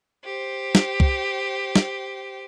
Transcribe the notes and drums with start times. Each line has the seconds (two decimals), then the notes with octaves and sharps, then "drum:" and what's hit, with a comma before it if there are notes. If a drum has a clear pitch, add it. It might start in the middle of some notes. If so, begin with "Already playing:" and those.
0.24 G4 C5
0.75 drum: snare
1.00 drum: kick
1.76 drum: snare